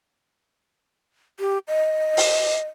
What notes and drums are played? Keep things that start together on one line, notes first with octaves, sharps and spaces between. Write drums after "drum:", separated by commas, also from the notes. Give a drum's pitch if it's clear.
G4
D#5
drum: open hi-hat